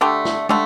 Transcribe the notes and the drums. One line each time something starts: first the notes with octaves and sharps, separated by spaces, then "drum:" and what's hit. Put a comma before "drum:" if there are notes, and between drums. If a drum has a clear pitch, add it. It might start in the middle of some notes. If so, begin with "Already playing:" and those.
D3 A3 G4
drum: snare
D3 A3 G4, drum: tom